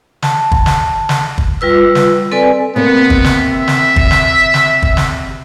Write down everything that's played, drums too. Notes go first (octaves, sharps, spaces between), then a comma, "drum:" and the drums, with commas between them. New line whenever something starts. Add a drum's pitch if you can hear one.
A5, drum: snare
drum: kick
drum: snare
drum: snare
drum: kick
G3 F4 B4 E6
drum: snare
C4 A4 B4 D5 G#5
C3 A#3 B3
drum: kick
drum: snare
E5
drum: snare
drum: kick
drum: snare
drum: snare
drum: kick
drum: snare